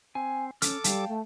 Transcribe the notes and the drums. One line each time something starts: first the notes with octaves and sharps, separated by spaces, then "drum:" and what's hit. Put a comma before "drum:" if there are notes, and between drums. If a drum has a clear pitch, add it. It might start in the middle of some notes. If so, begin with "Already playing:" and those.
C4 G#5
C#4 A4 D6 F6, drum: hi-hat
G3 F5 G5 A5, drum: hi-hat
A3